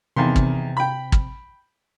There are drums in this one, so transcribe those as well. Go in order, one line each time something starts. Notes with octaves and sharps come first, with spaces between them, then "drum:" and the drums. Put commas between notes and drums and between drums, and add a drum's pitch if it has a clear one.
E2 C3 D#3 C6
drum: kick
G5 B5
drum: kick